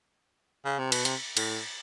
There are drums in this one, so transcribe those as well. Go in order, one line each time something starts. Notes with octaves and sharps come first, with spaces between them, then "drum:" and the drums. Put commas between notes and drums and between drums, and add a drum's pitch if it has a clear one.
C#3
C3
B2, drum: cymbal
C3, drum: hi-hat
A2, drum: cymbal